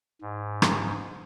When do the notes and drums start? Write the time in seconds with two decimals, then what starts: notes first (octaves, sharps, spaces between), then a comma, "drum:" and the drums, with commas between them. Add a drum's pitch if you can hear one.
0.21 G#2
0.62 drum: rim click